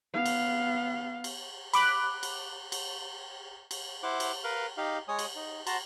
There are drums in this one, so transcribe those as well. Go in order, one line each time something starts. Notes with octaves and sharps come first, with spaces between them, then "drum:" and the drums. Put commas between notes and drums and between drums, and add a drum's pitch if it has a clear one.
B3 F5
drum: cymbal
drum: cymbal
B5 D6 F#6, drum: cymbal
drum: cymbal
drum: cymbal
drum: cymbal
E4 C5 F#5 D6
drum: cymbal
A#4 B4 F5
D#4 G4 F5
G#3 C#5 G#5 D#6
drum: cymbal
D#4
F#4 A5 A#5 C6, drum: cymbal